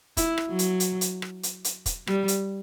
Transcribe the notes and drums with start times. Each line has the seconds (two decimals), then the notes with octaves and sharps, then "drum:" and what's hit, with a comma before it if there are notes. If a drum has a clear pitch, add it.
0.17 E4, drum: kick, hi-hat
0.38 drum: rim click
0.49 F#3
0.59 drum: hi-hat
0.80 drum: hi-hat
1.01 drum: hi-hat
1.22 drum: rim click
1.43 drum: hi-hat
1.64 drum: hi-hat
1.86 drum: kick, hi-hat
2.07 G3, drum: rim click
2.28 drum: hi-hat